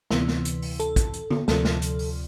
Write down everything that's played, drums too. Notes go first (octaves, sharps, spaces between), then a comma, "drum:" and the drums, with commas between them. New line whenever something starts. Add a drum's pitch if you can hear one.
D2 C3 E3 B3, drum: snare
drum: snare
drum: hi-hat
drum: open hi-hat
A4, drum: hi-hat
drum: kick, hi-hat
drum: hi-hat
drum: tom
D2 C3 F3 A4, drum: snare
drum: snare
drum: hi-hat
drum: open hi-hat